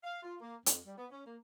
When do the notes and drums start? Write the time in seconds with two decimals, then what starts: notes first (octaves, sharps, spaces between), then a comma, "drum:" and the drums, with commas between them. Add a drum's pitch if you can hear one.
0.04 F5
0.23 F4
0.41 A#3
0.66 F2, drum: hi-hat
0.86 G3
0.98 B3
1.11 C#4
1.26 A#3